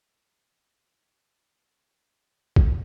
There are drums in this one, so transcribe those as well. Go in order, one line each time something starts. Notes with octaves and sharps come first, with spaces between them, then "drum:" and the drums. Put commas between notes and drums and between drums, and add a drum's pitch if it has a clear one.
D3 C4 C#4
drum: kick A#1